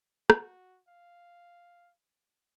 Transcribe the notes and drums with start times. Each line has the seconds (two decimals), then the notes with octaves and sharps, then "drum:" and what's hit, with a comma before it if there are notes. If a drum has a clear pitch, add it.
0.30 F#4, drum: rim click
0.88 F5